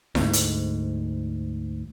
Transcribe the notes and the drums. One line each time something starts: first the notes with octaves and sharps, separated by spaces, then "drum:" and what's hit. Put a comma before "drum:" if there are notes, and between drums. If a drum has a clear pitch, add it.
D2 G#2, drum: snare E4
drum: hi-hat